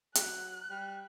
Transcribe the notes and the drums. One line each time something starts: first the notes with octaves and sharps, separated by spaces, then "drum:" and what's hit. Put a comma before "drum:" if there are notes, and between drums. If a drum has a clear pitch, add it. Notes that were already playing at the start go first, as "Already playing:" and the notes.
F#3 F#6, drum: hi-hat
G3